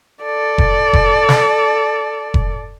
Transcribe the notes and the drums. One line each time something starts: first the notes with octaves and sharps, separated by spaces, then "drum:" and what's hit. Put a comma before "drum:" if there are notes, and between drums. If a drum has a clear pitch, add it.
A4 D5
drum: kick F1
drum: kick F1
drum: snare
drum: kick F1